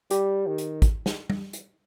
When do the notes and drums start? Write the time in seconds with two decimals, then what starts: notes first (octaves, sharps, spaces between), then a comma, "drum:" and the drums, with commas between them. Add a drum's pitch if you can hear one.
0.11 G3 G4, drum: hi-hat
0.47 D#3
0.58 drum: hi-hat
0.82 drum: kick, hi-hat
1.06 drum: snare
1.30 drum: tom G3
1.53 drum: hi-hat